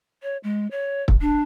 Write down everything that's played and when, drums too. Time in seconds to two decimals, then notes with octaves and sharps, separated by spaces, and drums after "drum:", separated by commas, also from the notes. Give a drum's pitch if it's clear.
0.23 C#5
0.43 G#3
0.71 C#5
1.08 drum: kick
1.21 D4